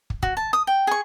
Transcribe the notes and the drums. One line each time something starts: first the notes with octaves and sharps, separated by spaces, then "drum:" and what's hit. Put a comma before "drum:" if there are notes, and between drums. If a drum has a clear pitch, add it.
drum: kick
F#4, drum: kick
A5
D#6
G5
G#4 C#6